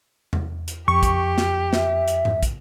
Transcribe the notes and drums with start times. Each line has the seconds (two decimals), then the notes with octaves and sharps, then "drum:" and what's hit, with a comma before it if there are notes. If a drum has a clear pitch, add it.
0.33 drum: tom E2
0.68 drum: hi-hat
0.88 F2 G4 C#6
1.03 drum: kick, hi-hat
1.38 drum: snare
1.73 E5, drum: snare
2.08 drum: hi-hat
2.25 drum: tom G#2
2.43 drum: kick, hi-hat